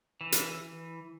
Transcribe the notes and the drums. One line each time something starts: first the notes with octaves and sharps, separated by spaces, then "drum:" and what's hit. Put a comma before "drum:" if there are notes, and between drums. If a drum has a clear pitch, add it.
E3
drum: hi-hat